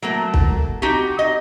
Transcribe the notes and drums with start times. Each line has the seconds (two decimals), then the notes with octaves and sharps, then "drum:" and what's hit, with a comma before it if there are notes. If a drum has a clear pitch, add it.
0.02 F#3 A3 A#3
0.34 drum: kick
0.82 D#4 F#4 G4
1.19 D#5